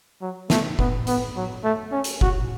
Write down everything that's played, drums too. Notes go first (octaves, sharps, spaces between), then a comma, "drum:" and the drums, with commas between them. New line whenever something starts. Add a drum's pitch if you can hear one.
F#3
A3, drum: snare
B3, drum: kick
B3, drum: hi-hat
F#3
A3
C#4
drum: hi-hat
F#4, drum: kick